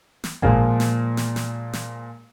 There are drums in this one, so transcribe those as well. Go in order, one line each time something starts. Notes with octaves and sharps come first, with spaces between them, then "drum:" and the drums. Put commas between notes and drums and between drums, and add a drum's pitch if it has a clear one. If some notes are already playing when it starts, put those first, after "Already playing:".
drum: snare
A#2 F3 G#3 A#3 G#5, drum: kick A1
drum: snare
drum: snare
drum: snare
drum: snare